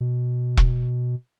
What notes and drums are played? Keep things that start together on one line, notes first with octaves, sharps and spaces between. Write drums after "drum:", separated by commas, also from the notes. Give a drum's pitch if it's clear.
B2
drum: kick E1